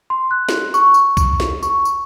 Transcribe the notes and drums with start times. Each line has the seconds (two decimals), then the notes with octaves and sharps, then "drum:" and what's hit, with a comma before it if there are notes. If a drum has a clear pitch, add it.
0.10 C6
0.31 F#6
0.49 drum: snare
0.74 C#6, drum: tambourine
0.94 drum: tambourine
1.17 drum: kick B1, tambourine
1.40 drum: snare
1.63 C#6, drum: tambourine
1.85 drum: tambourine